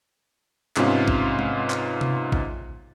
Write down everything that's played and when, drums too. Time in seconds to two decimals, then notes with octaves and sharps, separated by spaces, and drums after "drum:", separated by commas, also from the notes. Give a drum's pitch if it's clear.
0.76 G#2 C3 B3 C#4 F4, drum: clap
1.08 drum: kick A1
1.39 drum: tom G#3
1.70 drum: clap
2.01 drum: tom C3
2.32 drum: kick A1